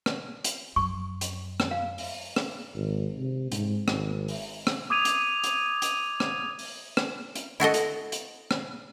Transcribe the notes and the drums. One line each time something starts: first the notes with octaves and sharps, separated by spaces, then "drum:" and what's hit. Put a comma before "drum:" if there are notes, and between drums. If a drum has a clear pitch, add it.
drum: rim click
drum: hi-hat
F#2 C#6
drum: hi-hat
drum: rim click
F5
drum: open hi-hat
drum: rim click
G#1
C3
G#2, drum: hi-hat
G#1, drum: rim click
drum: open hi-hat
drum: rim click
D6 D#6 G#6 D#7 F7
drum: hi-hat
drum: hi-hat
drum: hi-hat
drum: rim click
drum: open hi-hat
drum: rim click
drum: hi-hat
E4 F#4 A4 D#5
drum: hi-hat
drum: hi-hat
drum: rim click